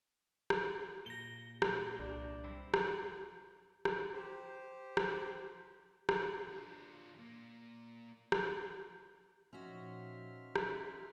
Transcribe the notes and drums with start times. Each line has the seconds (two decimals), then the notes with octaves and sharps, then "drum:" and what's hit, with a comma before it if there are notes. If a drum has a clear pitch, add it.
0.50 drum: rim click
1.06 A#2 A#6 G7
1.62 drum: rim click
1.99 C2 D4
2.44 G2 C4 E4
2.74 drum: rim click
3.85 drum: rim click
4.13 G4 C5
4.97 drum: rim click
6.09 drum: rim click
6.48 D3 F4
7.17 A#2 A#3
8.32 drum: rim click
9.53 A#2 F3 C#4 D#4 F#4 E5 C6 F6
10.56 drum: rim click